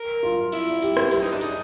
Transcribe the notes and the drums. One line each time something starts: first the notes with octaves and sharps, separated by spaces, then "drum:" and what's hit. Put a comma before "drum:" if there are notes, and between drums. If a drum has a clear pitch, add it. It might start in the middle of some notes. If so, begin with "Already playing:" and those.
Already playing: A#4
F4
E4, drum: cymbal
G4, drum: cymbal
drum: rim click
E4 G4, drum: cymbal
D#4
D4
D#4 G#4, drum: cymbal